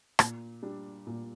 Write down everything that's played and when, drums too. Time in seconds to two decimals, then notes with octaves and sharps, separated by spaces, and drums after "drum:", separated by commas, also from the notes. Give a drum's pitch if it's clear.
0.19 A#2, drum: rim click
0.63 G3 D4
1.07 A#2